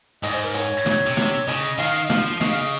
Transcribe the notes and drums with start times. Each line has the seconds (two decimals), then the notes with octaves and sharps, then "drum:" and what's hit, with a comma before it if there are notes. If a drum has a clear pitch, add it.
0.23 G#2 D#5, drum: hi-hat
0.34 C5
0.45 A#4
0.54 C#5, drum: hi-hat
0.86 A#2, drum: snare
1.06 C3
1.17 C#5, drum: snare
1.48 C#3 D#5, drum: hi-hat
1.78 D#3 F5, drum: hi-hat
2.05 D#5
2.10 F3 F5, drum: snare
2.41 C#3 D#5, drum: snare
2.52 F5
2.61 D#5